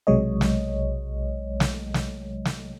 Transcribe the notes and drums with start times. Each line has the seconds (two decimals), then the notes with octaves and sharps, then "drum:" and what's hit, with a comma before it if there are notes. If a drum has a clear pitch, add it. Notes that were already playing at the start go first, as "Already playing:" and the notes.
0.07 B1 C3 F#3 G#3 C#5 D#5
0.41 drum: snare
1.60 drum: snare
1.94 drum: snare
2.45 drum: snare